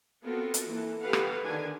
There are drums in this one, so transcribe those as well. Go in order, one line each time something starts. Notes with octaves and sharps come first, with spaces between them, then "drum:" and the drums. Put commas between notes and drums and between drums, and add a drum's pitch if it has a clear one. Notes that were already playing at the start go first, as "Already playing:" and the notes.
B3 C4 F4 F#4 A4 A#4
drum: hi-hat
E3 A#3 A4
G4 A4 B4 F5 F#5
drum: rim click
D3 D#3 D4 G#5